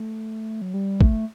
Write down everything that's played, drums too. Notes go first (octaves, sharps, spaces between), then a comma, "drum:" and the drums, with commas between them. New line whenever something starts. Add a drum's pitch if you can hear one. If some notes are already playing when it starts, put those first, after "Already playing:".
Already playing: A3
F#3
G3
A3, drum: kick